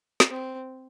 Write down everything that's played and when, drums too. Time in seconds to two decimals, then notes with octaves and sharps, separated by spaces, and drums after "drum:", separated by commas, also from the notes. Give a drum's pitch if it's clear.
0.20 drum: snare
0.30 C4